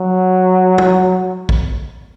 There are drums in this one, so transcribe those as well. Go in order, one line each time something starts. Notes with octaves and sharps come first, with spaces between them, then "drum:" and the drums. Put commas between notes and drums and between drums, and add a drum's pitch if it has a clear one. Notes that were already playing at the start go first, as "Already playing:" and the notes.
Already playing: F#3
drum: tom
drum: kick A#1